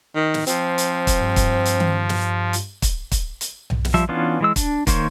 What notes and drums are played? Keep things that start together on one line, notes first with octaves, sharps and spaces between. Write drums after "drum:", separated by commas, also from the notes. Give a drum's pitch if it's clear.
D#3
drum: snare
F3 C4, drum: hi-hat
drum: hi-hat
drum: kick, hi-hat
G2
drum: kick, hi-hat
drum: hi-hat
drum: tom D#3
drum: snare
drum: hi-hat
drum: kick, hi-hat
drum: kick, hi-hat
drum: hi-hat
drum: tom B1
drum: snare
F3 G3 E5
E3 B3 C#4 D4 F4
E3 G#3 E6
D4, drum: kick, hi-hat
D#3 A#3 C5 C#5, drum: kick, hi-hat